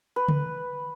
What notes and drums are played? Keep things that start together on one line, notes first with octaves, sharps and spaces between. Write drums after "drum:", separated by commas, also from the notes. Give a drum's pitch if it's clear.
B4
drum: tom C#3